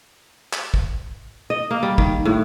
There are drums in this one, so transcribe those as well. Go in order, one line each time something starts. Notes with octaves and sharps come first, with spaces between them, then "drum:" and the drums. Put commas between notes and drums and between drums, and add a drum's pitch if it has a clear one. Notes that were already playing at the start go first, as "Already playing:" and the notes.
drum: clap
drum: kick
D#5
A#3
G3
D#3, drum: kick
A2